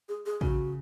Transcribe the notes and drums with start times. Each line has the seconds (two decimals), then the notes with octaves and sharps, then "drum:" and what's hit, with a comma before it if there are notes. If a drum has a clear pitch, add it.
0.09 G#4
0.26 G#4
0.41 C#3 F#4, drum: kick